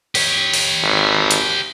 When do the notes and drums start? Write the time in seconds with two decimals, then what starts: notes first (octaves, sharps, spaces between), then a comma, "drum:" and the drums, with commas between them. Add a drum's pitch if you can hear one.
0.15 G4 C#5, drum: open hi-hat
0.53 drum: open hi-hat
0.83 G#1
1.31 drum: hi-hat